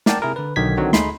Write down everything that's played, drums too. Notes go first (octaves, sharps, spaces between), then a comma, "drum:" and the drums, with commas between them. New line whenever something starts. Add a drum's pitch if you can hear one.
A#4 D5 F#5 G5 A5, drum: snare
C3 E4 G#4 A#4
D3 B4
B1 D3 D#3 F#3 G#6 B6
D3 D#3 F#3 C4
D2 A3 D#4 G#4 B5 C6, drum: snare